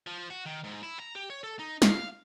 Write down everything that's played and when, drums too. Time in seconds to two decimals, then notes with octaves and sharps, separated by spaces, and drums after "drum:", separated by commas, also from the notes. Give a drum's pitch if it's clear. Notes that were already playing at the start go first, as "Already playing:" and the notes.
0.07 F3
0.31 F#4
0.46 D#3
0.64 G#2
0.83 E4
0.99 A#5
1.15 G4
1.30 C#5
1.44 A4
1.59 D#4
1.82 F5, drum: snare